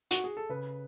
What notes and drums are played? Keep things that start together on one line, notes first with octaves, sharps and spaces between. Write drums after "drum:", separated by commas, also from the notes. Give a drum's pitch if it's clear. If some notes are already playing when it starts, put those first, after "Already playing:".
F#4, drum: hi-hat
G#4
A4
C#3 B4